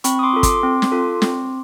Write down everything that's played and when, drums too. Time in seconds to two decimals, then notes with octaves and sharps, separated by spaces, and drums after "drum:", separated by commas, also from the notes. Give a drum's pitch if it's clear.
0.04 C4 B5 C#6, drum: hi-hat
0.19 D#6
0.23 C6 D6
0.33 F4 A4
0.43 C6 D6, drum: kick, hi-hat
0.63 C4
0.82 drum: snare
0.92 F4 A4
1.22 C4, drum: snare